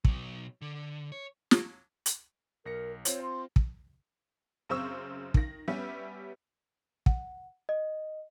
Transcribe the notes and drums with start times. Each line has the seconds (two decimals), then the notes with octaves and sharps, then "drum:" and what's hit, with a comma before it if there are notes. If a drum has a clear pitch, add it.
0.05 B2 F#3, drum: kick
0.62 D3
1.12 C#5
1.51 drum: snare
2.06 drum: hi-hat
2.66 B1 A#4 A#6 C#7
3.05 C4 F4 C5 C#5, drum: hi-hat
3.22 C6
3.56 drum: kick
4.69 F#2 C#3 C4 C5 C#6 E6
5.34 D#3 A#6, drum: kick
5.68 G3 B3 C#4 G4 B4 E5
7.06 F#5, drum: kick
7.69 D#5